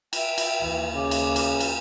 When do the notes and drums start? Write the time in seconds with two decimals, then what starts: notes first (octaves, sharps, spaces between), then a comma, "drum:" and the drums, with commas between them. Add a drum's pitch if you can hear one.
0.13 E5 G5, drum: cymbal
0.38 drum: cymbal
0.62 D#2 E3
0.94 C#3 D6
1.11 drum: cymbal
1.36 drum: cymbal
1.60 drum: cymbal